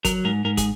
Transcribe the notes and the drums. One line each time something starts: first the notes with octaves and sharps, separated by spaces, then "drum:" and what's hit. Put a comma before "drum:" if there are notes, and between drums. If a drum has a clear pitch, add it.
F#3 A#4, drum: kick, hi-hat
G#2 A#4
G#2 A#4
G#4, drum: kick, hi-hat